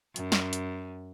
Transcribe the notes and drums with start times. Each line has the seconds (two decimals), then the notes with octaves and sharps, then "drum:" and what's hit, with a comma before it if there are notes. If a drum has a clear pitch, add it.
0.16 F#2, drum: hi-hat
0.32 drum: snare
0.53 drum: hi-hat